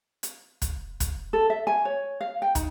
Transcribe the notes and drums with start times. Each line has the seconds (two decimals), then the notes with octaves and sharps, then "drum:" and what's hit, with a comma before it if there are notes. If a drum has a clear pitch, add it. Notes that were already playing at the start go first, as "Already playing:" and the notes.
0.23 drum: hi-hat
0.62 drum: kick, hi-hat
1.00 drum: kick, hi-hat
1.33 A4
1.50 E5
1.67 G#5
1.85 C#5
2.21 F5
2.42 G5
2.55 D#4, drum: kick, hi-hat